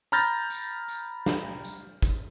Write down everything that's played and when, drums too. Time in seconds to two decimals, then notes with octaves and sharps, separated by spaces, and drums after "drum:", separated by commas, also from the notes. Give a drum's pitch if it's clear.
0.12 A#5 B5 F6 G6 A6 A#6, drum: tambourine
0.50 drum: tambourine
0.88 drum: tambourine
1.26 drum: snare
1.64 drum: tambourine
2.02 drum: kick, tambourine